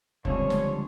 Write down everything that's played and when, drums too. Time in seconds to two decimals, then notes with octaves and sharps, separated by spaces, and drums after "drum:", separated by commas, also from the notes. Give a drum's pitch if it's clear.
0.25 C#2 D3 F3 G3 C4 C#4 C#5, drum: kick
0.50 drum: snare